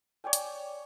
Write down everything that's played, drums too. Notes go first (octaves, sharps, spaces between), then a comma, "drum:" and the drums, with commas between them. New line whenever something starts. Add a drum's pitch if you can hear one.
C#5 D5 G5 G#5
drum: hi-hat